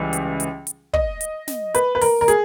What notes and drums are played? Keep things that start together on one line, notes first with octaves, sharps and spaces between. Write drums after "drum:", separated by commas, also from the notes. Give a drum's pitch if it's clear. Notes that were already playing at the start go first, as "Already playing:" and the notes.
Already playing: C#2 E3 G3
drum: hi-hat
drum: hi-hat
drum: hi-hat
D#5, drum: kick
drum: hi-hat
drum: snare
B4, drum: hi-hat
B4
A#4, drum: open hi-hat
A#4
G#4, drum: hi-hat